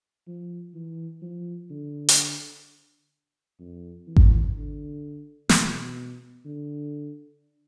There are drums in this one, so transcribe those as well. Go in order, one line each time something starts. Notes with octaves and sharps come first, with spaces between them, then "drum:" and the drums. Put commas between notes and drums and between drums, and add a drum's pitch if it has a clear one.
F3
E3
F3
D3
drum: hi-hat
F2
E3
drum: kick G#1
D3
B2, drum: snare
D3